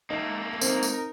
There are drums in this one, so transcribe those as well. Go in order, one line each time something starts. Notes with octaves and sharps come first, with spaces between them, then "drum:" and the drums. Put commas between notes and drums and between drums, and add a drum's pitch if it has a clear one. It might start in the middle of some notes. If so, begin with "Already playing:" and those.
A3 A#3 D#4
C4 D#4 A#4, drum: tambourine
drum: tambourine